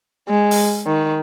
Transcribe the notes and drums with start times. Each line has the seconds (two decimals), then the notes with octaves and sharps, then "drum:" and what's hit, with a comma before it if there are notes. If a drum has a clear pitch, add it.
0.28 G#3
0.51 drum: open hi-hat
0.86 D#3